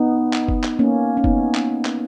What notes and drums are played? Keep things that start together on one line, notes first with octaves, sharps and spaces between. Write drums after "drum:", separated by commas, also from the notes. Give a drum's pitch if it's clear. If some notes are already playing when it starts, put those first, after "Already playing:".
Already playing: B3 D#4
drum: clap
drum: kick
drum: clap
A#3 C#4
C#4
B3 D#4, drum: kick
drum: clap
drum: clap